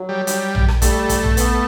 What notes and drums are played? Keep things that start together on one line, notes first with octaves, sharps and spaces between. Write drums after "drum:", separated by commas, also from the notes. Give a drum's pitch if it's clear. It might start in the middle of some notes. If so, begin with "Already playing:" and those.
Already playing: F#3
G3
G3, drum: hi-hat
drum: tom A#1
drum: rim click
G3 A3, drum: kick, hi-hat
drum: kick, hi-hat
drum: tom A#1
B3, drum: hi-hat